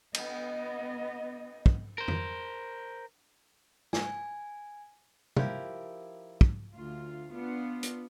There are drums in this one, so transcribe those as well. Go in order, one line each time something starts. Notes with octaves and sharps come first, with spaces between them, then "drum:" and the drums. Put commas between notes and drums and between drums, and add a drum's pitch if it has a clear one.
B3 D#5, drum: cymbal
drum: kick
A#4 C5
drum: tom F2
G#5, drum: snare
F3 E4 G4 A#4, drum: tom
drum: kick
D2 F4
B3 D4 F4
drum: hi-hat